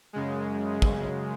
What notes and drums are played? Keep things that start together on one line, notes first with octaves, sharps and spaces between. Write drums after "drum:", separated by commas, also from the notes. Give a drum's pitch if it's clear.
F#2 C#3 G#3
drum: kick